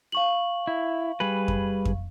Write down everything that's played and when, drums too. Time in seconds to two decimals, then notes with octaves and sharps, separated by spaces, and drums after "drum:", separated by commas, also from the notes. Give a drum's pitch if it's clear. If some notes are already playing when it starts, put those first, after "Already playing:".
0.12 F5 C#6 F#7
0.67 E4
1.20 G3 G#4 B4
1.48 drum: kick F2
1.85 drum: kick F2